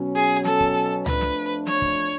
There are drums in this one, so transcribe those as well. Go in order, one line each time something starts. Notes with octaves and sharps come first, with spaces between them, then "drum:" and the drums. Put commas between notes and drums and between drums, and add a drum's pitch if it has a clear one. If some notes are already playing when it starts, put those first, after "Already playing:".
Already playing: B2 F#3 C#4
G#4
A4, drum: snare
drum: kick
F2 F3 A3 D4 B4, drum: tom C#2
drum: snare
C#5, drum: snare
drum: kick